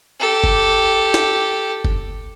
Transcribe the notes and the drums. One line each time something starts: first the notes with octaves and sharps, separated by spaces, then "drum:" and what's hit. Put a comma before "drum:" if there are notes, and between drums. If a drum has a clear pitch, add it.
G4 A4
drum: kick F#1
drum: snare
drum: kick F#1